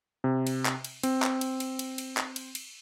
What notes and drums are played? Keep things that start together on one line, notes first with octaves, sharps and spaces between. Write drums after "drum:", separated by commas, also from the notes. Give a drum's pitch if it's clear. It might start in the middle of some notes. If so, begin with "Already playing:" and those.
C3
drum: cymbal
drum: clap
drum: cymbal
C4, drum: cymbal
drum: clap
drum: cymbal
drum: cymbal
drum: cymbal
drum: cymbal
drum: clap
drum: cymbal
drum: cymbal